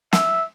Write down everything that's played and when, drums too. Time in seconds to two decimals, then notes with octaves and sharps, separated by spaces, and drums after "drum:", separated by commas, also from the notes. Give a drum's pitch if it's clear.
0.13 E5, drum: snare